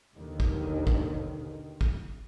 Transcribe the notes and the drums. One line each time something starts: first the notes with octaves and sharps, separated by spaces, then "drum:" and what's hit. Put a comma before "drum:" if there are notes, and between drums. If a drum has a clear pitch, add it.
D#2 B2 D3 D#3
drum: kick
drum: kick
drum: kick